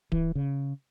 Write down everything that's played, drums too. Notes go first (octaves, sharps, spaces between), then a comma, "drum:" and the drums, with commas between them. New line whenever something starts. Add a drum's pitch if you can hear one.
E3, drum: kick D1
C#3